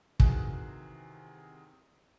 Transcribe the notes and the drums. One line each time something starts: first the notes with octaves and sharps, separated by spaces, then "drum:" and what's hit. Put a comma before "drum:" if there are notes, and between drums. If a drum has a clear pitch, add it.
C3 D#3 E3 F#4 G#4 F#6, drum: kick